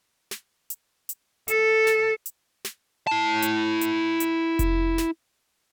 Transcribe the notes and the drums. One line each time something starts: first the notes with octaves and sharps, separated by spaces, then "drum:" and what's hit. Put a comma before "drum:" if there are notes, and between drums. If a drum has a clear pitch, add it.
drum: snare
drum: hi-hat
drum: hi-hat
A4, drum: hi-hat
drum: snare
drum: hi-hat
drum: snare
E4 A5
drum: hi-hat
drum: hi-hat
drum: hi-hat
drum: kick F1, hi-hat
drum: snare